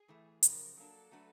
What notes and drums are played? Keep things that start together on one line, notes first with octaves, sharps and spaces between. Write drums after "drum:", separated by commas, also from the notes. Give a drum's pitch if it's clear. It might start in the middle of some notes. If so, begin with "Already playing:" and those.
Already playing: G#4
A2 E3 A3
F#2 C#3 F3 A#4, drum: hi-hat
F#3 A#3 D4 A4
F#3 A3 D4 F#4 B4